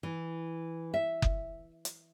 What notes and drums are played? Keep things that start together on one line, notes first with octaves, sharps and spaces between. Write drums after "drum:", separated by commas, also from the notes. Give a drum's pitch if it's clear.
E3
E5
drum: kick F#1
drum: hi-hat